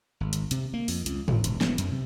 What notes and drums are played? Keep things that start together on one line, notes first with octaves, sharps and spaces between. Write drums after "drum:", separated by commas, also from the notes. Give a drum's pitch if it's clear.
G#1
drum: hi-hat
C3, drum: hi-hat
A#3
F2, drum: open hi-hat
C#2, drum: hi-hat
G#1, drum: tom G#2
E1, drum: hi-hat
B3, drum: snare
F#2, drum: hi-hat
C3